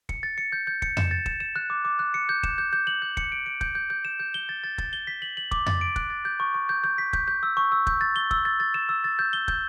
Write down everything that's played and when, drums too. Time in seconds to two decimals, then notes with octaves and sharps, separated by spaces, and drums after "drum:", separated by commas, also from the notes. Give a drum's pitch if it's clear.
0.09 C#7, drum: kick
0.23 A6
0.38 C#7
0.52 G6
0.67 G6
0.82 C#7, drum: kick
0.97 E7, drum: tom F2
1.11 A6
1.26 E7, drum: kick
1.40 E7
1.56 F#6
1.70 D6
1.85 D6
1.99 F#6
2.14 C#7
2.29 G6
2.43 E7, drum: kick
2.58 G6
2.73 G6
2.87 F#7
3.02 G6
3.17 C#7, drum: kick
3.32 D7
3.46 D7
3.61 G6, drum: kick
3.75 G6
3.90 G6
4.05 E7
4.20 G6
4.34 G7
4.49 A6
4.64 A6
4.78 A6, drum: kick
4.93 G7
5.07 B6
5.22 F#7
5.37 F#7
5.51 D6, drum: kick
5.66 A6, drum: tom F2
5.81 D7
5.96 F#6, drum: kick
6.10 A6
6.25 G6
6.40 C#6
6.54 C#6
6.69 G6
6.84 G6
6.98 B6
7.13 G6, drum: kick
7.28 G6
7.43 E6
7.57 C#6
7.72 E6
7.87 G6, drum: kick
8.01 A6
8.16 G7
8.31 E6, drum: kick
8.45 A6
8.60 A6
8.74 E7
8.89 E6
9.04 A6
9.19 G6
9.33 G7
9.48 G6, drum: kick